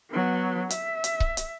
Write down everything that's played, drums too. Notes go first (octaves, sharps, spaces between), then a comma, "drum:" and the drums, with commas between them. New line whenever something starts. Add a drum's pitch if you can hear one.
F#3 B3
E5, drum: hi-hat
drum: hi-hat
drum: kick C#1
drum: hi-hat